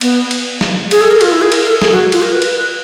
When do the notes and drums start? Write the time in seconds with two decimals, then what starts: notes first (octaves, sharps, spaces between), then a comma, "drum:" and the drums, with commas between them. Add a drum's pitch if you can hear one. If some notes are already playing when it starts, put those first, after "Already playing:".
0.01 B3, drum: cymbal
0.31 drum: cymbal
0.61 drum: snare
0.91 G#4, drum: cymbal
1.01 A4
1.11 A#4
1.21 F4, drum: cymbal
1.31 E4
1.42 G#4
1.52 A#4, drum: cymbal
1.66 A4
1.82 G#4, drum: snare
1.92 F#4
2.12 F4, drum: cymbal
2.22 A#4
2.32 B4
2.42 drum: cymbal